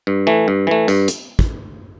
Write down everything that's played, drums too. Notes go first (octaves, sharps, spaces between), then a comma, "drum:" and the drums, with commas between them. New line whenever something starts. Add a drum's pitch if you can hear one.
G2
E3 A3
G2
E3 A3
G2, drum: tambourine
drum: hi-hat
drum: kick